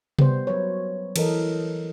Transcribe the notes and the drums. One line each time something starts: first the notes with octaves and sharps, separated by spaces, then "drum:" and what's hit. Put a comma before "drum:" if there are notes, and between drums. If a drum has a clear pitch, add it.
G3 B3 C5, drum: tom C3
F#3 B4 C#5
E3 A4 A#4 D#5, drum: cymbal